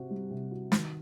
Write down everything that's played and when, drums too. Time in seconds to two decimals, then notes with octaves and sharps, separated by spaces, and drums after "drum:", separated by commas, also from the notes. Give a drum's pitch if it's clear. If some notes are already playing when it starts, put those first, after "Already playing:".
Already playing: C3 C4 F#4
0.10 G3
0.31 C3
0.51 F#4
0.72 D#3, drum: snare